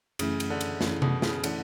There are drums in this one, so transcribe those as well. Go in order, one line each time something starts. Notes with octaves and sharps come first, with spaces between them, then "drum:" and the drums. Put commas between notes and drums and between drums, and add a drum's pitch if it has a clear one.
F#2 C#3 E3 A3 C#4 E4, drum: cymbal
drum: cymbal
D3
drum: cymbal
F#2 C#3 E3 A3 C#4 E4, drum: snare
B2, drum: tom C3
C#3, drum: snare
D3 E3 A3 C#4 E4, drum: cymbal